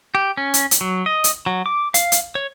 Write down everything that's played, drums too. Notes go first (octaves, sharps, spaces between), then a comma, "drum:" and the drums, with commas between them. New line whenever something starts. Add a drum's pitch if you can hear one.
G4
C#4
drum: hi-hat
drum: hi-hat
F#3
D#5
drum: hi-hat
F#3
D6
F5, drum: hi-hat
drum: hi-hat
C#5